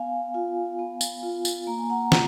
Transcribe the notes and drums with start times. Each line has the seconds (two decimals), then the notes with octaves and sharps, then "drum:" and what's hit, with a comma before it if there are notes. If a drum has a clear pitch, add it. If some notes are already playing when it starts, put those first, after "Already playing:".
Already playing: B3 F5 G#5
0.34 F4
0.79 B3
1.01 drum: tambourine
1.23 F4
1.45 drum: tambourine
1.67 A#3 A#5
1.78 G#5
1.90 F#5 A#5
2.12 F4, drum: snare